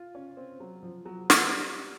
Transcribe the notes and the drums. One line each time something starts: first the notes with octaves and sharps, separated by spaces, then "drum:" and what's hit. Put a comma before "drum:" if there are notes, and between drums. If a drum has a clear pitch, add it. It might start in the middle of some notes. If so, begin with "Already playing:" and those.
Already playing: F4
C#4
C4
F#3
F3
F#3
drum: snare
G3